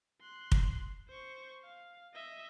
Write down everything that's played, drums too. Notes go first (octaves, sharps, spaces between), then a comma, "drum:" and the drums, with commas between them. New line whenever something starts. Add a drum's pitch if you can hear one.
C6 F#6
drum: kick
C5 C#6
F5
D#5 E5